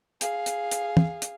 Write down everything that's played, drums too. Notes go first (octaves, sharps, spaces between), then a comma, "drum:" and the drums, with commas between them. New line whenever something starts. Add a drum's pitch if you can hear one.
G#4 F5, drum: hi-hat
drum: hi-hat
drum: hi-hat
drum: tom
drum: hi-hat